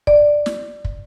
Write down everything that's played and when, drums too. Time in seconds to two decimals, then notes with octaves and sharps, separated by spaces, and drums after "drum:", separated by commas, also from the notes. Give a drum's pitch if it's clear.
0.07 D5, drum: kick
0.46 drum: snare
0.85 drum: kick